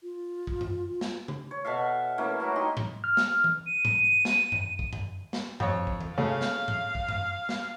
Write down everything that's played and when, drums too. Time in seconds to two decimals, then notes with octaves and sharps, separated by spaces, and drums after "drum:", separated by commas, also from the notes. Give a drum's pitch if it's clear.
0.03 F4
0.47 drum: kick
0.61 drum: tom F#2
1.01 drum: snare
1.28 drum: tom C#3
1.51 C#5
1.65 B2 A4 E5 F5
2.18 E3 A3 A#3 C#4
2.40 F#3 E4 F#4
2.56 D#4 G4 C6
2.77 drum: tom G#2
3.04 F6
3.17 drum: snare
3.44 drum: tom E3
3.66 D#7
3.85 drum: tom G#2
4.25 drum: snare
4.52 drum: tom F#2
4.79 drum: kick
4.93 drum: tom F#2
5.33 drum: snare
5.60 F2 C#5, drum: tom F#2
5.87 drum: kick
6.01 drum: tom E3
6.18 C#3 A3 C#4 F5
6.41 drum: snare
6.68 drum: tom G#2
6.95 drum: kick
7.08 drum: tom F#2
7.49 drum: snare